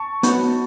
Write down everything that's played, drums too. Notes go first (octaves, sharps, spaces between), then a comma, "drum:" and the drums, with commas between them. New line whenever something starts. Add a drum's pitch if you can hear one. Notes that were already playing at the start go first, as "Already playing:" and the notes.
Already playing: A5 C#6
B3 D#4 F#4 C#5, drum: hi-hat